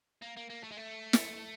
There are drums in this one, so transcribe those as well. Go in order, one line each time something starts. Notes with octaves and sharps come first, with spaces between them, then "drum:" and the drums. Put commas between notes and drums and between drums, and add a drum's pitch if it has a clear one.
A#3
A#3
A#3
A3
G#3
A3
drum: snare